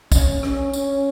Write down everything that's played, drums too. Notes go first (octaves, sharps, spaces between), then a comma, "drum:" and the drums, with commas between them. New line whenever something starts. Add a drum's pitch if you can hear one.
C#4, drum: kick, tambourine
C#4, drum: rim click
C#4, drum: tambourine